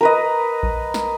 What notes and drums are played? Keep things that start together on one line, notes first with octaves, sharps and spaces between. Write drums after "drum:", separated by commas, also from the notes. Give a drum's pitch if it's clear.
A#4 B4 D#5
drum: kick A#1
drum: snare